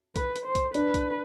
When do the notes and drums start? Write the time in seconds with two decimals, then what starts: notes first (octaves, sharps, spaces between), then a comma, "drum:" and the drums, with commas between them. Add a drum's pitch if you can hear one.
0.16 B4, drum: kick, hi-hat
0.36 drum: hi-hat
0.46 C5
0.55 drum: kick, hi-hat
0.74 D4 B4, drum: hi-hat
0.94 drum: kick, hi-hat